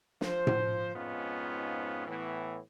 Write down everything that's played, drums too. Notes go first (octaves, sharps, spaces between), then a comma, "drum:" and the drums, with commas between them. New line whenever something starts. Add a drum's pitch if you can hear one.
F3 C5, drum: snare
drum: tom A2
F2 G#2 B3 C#4 D#4 F4
A2 E3 B3